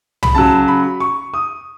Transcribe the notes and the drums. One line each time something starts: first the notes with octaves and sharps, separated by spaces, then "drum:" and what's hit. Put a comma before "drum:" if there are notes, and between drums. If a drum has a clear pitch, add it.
B5, drum: tom
C#3 F#3 A5
B5
C#6
D#6